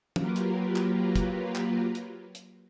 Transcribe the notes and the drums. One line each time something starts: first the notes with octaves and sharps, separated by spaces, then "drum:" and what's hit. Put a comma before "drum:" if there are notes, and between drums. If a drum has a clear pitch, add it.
F#3 A#3 F4 G4 A#4 B4, drum: tom
drum: hi-hat
drum: clap
drum: kick, hi-hat
drum: clap
drum: hi-hat
drum: hi-hat